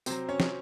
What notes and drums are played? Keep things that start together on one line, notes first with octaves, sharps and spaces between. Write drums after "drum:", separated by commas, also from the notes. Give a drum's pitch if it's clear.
C3 F#3 C4 C5, drum: tambourine
C#4 C#5
drum: snare